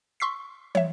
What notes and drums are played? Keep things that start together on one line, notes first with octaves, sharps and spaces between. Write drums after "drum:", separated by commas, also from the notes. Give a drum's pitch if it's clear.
C6 C#6 E6 B6 C7
C#5 E5, drum: tom